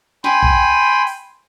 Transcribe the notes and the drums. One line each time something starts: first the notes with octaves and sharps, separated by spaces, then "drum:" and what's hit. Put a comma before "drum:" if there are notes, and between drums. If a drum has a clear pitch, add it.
G5 G#5 B5 C6, drum: snare
drum: kick A#1
drum: open hi-hat